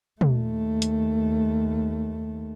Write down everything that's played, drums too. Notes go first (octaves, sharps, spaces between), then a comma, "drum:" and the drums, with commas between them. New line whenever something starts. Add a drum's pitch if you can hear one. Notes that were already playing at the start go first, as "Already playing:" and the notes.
D#2 A3, drum: tom
drum: hi-hat